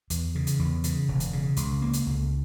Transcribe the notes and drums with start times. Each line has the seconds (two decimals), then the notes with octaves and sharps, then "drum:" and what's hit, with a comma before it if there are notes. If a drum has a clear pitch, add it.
0.10 E2, drum: hi-hat
0.35 C#3
0.47 drum: hi-hat
0.59 E2
0.84 C#3, drum: hi-hat
1.08 E1
1.20 drum: hi-hat
1.33 C#3
1.57 C#2, drum: hi-hat
1.82 A#3
1.94 drum: hi-hat
2.06 C#2